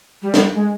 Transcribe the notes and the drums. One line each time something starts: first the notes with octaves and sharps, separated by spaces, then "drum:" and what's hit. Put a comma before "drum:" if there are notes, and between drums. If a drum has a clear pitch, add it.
G3
drum: snare
G#3